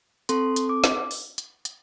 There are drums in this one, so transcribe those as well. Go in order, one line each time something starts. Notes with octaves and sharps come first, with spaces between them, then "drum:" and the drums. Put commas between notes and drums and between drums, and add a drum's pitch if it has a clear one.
C4 A4 C6, drum: hi-hat
drum: hi-hat
D6
drum: snare
drum: open hi-hat
drum: hi-hat
drum: hi-hat